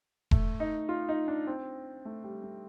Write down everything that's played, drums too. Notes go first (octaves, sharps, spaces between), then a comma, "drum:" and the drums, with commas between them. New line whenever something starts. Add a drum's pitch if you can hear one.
A3, drum: kick E1
D#4
F4
D#4
D4
C4
A3
G3
A3